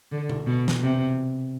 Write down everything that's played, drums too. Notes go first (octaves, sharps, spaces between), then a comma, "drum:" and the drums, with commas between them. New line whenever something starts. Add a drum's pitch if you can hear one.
D3
drum: tom B2
B2
drum: snare
C3